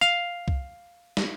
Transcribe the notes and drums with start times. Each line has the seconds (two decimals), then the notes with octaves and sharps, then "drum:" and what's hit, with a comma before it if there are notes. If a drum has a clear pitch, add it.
0.01 F5
0.48 drum: kick C2
1.17 drum: snare